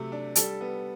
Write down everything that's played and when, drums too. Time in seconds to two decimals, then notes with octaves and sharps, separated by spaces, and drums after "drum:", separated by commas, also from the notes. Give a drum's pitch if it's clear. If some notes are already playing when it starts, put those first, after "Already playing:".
Already playing: C3 F#3 A3
0.12 D4
0.35 G3 A4, drum: hi-hat
0.61 B3